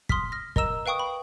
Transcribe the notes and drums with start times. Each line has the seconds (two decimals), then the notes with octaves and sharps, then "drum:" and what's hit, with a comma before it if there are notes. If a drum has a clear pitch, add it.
0.09 C6 D#6 F6 B6, drum: kick
0.32 F6 A#6
0.56 A#4 D#5 A#5 E6 E7, drum: kick
0.86 B4 F5 G5 C#6 D#6
0.99 B5